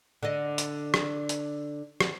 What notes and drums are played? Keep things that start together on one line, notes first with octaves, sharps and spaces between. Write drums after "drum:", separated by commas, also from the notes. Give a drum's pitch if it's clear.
D3 D#5
drum: hi-hat
drum: rim click
drum: hi-hat
drum: rim click